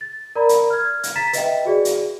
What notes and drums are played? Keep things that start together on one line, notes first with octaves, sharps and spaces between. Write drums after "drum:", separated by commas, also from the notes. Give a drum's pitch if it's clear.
A6
A#4 D5 A#5 B5
drum: hi-hat
F6 G#6
drum: hi-hat
A#5 A6 B6 E7
B4 D#5 E5 G5, drum: hi-hat
F#4 G#4 D5
drum: hi-hat